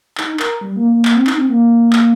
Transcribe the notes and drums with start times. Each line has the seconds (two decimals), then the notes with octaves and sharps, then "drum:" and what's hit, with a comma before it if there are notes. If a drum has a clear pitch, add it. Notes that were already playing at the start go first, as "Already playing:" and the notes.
0.18 D#4, drum: clap
0.40 A#4, drum: clap
0.61 G3
0.76 A#3
0.91 A#3
1.05 A#3, drum: clap
1.16 C4
1.27 D#4, drum: clap
1.38 C4
1.49 A#3
1.93 drum: clap